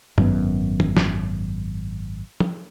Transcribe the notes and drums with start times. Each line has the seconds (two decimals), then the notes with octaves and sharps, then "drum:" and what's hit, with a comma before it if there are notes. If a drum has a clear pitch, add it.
0.18 G#1 F#2 B3, drum: tom
0.80 drum: tom
0.97 drum: snare
2.40 drum: tom